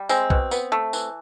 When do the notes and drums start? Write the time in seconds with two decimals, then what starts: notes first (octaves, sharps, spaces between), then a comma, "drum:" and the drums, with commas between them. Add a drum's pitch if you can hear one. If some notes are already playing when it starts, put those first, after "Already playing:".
Already playing: G3
0.09 G#3 C4, drum: tambourine
0.30 B2, drum: kick
0.51 B3, drum: tambourine
0.72 A3
0.93 E3, drum: tambourine